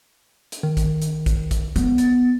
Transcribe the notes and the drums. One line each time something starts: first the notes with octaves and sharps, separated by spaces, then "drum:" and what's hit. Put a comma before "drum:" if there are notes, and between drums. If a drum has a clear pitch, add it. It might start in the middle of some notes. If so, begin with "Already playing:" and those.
drum: hi-hat
D#3
drum: kick, hi-hat
drum: hi-hat
drum: kick, hi-hat
drum: kick, hi-hat
B3, drum: hi-hat
A6, drum: hi-hat